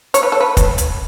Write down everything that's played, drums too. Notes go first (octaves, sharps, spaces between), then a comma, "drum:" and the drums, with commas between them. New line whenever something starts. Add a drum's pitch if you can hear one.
C#5, drum: hi-hat
B4
A4
B4
drum: kick, hi-hat
drum: hi-hat